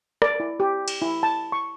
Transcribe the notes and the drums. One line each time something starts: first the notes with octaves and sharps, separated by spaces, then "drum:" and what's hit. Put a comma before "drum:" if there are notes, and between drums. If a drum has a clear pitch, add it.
D5, drum: rim click
E4
G4
drum: cymbal
E4
A5
C#6